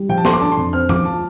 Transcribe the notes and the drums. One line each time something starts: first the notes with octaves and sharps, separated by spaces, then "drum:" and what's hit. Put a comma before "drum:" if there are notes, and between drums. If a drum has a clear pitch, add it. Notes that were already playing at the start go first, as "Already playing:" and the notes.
Already playing: G3
F3 G5
A5
A4 C6, drum: snare
D6
D4 A5
C6
F2
C4 F6
F3 D6, drum: tom F#2
F4 A5